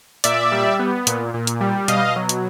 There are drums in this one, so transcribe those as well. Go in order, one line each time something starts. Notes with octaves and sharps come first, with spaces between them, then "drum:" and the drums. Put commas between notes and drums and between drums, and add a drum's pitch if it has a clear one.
A#2 D5 E5, drum: hi-hat
G3
B3
A#2, drum: hi-hat
A#2
drum: hi-hat
G3
B2 D#5 F5, drum: hi-hat
F#3
drum: hi-hat